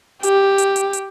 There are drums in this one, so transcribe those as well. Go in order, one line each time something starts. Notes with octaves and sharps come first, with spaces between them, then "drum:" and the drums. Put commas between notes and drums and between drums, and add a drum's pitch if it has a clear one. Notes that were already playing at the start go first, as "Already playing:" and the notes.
G4, drum: hi-hat
drum: hi-hat
drum: hi-hat
drum: hi-hat